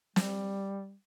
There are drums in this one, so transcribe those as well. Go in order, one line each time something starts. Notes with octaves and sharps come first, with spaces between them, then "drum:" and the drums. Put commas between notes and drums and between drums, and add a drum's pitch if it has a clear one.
G3, drum: snare